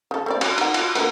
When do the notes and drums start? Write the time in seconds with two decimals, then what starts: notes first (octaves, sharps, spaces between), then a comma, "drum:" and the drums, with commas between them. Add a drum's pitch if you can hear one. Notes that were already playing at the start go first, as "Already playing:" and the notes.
0.11 C#3 A4
0.26 A3 C4 D5
0.41 G3 C#4 C#5, drum: cymbal
0.58 D#4 F#5, drum: cymbal
0.74 F4, drum: cymbal
0.95 D3 A#3 B3, drum: cymbal